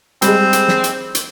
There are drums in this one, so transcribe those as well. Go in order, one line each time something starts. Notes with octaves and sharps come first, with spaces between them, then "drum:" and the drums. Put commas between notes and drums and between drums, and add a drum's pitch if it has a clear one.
G3 G#3 C4, drum: hi-hat
drum: hi-hat
drum: snare
drum: hi-hat
drum: hi-hat